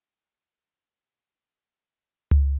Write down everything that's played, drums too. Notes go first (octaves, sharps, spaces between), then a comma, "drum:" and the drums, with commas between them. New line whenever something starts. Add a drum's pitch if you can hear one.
B4
C#5
A#4
G4
G4
G#4
G#4
G#4
G#4
C5
F5
drum: tom C#2